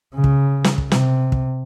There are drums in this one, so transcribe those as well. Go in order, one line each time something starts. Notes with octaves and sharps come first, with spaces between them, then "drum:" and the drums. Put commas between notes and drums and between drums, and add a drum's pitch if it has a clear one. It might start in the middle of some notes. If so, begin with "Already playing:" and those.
C#3
drum: kick
drum: snare
drum: kick
C3, drum: snare
drum: kick